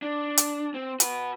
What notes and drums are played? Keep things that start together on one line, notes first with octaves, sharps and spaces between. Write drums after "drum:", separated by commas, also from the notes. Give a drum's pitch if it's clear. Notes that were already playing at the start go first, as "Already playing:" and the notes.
D4
drum: hi-hat
C4
F#4 B4, drum: hi-hat